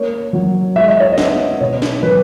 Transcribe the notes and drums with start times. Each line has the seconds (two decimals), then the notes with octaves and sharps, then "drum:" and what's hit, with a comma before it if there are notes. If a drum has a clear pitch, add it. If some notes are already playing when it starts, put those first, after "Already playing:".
Already playing: A#3 C#4 C#5
0.33 F#3
0.76 G#3 E5
0.88 D#5
1.00 C#5
1.13 D#5
1.18 B3, drum: snare
1.61 B2 C#5
1.82 drum: snare
2.03 F#3 B4